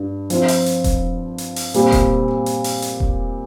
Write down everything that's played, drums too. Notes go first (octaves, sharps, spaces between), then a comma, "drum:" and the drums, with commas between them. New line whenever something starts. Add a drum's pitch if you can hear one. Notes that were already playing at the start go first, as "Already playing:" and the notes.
Already playing: G2
F3 C4 F4, drum: hi-hat
drum: open hi-hat
drum: hi-hat
drum: kick E1, hi-hat
drum: hi-hat
drum: open hi-hat
A#2 G3 C4, drum: hi-hat
drum: kick E1, hi-hat
drum: hi-hat
drum: open hi-hat
drum: hi-hat
drum: kick E1